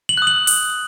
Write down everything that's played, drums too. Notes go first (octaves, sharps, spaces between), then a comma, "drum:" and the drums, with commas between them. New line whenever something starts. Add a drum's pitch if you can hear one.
F#7
D#6 F#6
F#7
drum: open hi-hat